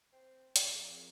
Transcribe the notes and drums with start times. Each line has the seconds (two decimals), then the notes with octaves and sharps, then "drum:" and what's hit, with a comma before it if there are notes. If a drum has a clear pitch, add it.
0.13 C4
0.56 F2 F4 G#4 A#4, drum: hi-hat